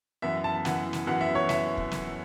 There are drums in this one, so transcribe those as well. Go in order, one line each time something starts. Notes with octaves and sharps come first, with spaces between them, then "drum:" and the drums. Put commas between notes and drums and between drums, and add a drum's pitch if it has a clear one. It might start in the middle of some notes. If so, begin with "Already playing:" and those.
F#2 E3 B3 E5
A5
F#2 E3 B3 F#5, drum: snare
drum: snare
F#2 E3 B3 F#5
E5
C#5
E5, drum: snare
drum: kick
drum: snare